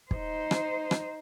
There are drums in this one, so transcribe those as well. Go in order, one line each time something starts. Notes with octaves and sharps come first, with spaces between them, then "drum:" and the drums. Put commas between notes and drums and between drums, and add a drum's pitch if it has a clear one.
D#4 C5, drum: kick
drum: rim click
drum: rim click